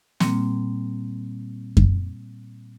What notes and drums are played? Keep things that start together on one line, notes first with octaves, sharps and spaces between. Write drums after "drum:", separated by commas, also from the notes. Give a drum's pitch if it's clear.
A#2 G3 A#3 C4, drum: snare
drum: kick F#2